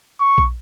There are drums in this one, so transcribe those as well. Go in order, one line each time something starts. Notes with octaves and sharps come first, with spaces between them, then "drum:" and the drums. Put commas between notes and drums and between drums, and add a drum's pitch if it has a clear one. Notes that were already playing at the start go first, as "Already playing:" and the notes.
C#6
drum: kick A#1